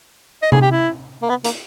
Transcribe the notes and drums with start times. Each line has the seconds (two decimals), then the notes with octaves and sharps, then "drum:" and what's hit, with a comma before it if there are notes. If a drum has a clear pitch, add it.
0.43 D#5
0.52 G#4, drum: tom C3
0.62 G4
0.72 E4
1.23 A#3
1.30 B3
1.44 A#3, drum: hi-hat